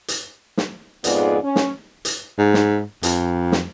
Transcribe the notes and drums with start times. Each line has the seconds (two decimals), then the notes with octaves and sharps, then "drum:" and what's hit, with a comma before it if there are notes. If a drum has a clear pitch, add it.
0.08 drum: hi-hat
0.57 drum: snare
1.04 F2 G#2 B3 F4 G#4 D5, drum: hi-hat
1.43 C#4
1.56 drum: snare
2.05 drum: hi-hat
2.38 G#2
2.54 drum: snare
3.03 F2, drum: hi-hat
3.52 drum: snare